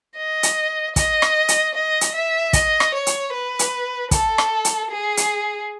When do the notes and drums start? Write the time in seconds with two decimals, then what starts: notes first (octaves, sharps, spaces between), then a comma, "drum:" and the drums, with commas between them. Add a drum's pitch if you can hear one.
0.17 D#5
0.43 drum: hi-hat
0.96 D#5, drum: kick, hi-hat
1.22 drum: rim click
1.48 drum: hi-hat
1.74 D#5
2.01 drum: hi-hat
2.15 E5
2.53 D#5, drum: kick, hi-hat
2.80 drum: rim click
2.94 C#5
3.07 drum: hi-hat
3.33 B4
3.59 drum: hi-hat
4.11 A4, drum: kick, hi-hat
4.38 drum: rim click
4.65 drum: hi-hat
4.90 G#4
5.17 drum: hi-hat